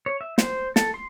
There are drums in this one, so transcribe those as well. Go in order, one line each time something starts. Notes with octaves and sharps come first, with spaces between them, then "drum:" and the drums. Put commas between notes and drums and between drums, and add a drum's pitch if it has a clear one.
C#5
E5
C5, drum: snare
A4, drum: snare
C6